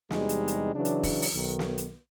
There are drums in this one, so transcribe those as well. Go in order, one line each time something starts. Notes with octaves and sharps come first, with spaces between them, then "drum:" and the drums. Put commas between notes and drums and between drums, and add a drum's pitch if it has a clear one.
E2 C3 G3 G#3 D#4, drum: snare
drum: hi-hat
drum: hi-hat
C#3 E3 F#3 D4
drum: hi-hat
drum: kick E1, open hi-hat
drum: open hi-hat
B1 D#3
drum: snare
drum: hi-hat